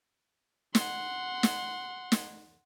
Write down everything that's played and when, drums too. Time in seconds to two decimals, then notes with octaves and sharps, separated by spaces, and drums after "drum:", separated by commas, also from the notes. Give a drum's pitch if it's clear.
0.75 F#5 C6, drum: snare
1.43 drum: snare
2.12 drum: snare